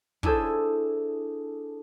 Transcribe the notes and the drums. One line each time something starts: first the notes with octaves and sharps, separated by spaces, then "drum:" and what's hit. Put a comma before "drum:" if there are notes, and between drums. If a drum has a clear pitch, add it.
D4 E4 G#4 A4 C5, drum: kick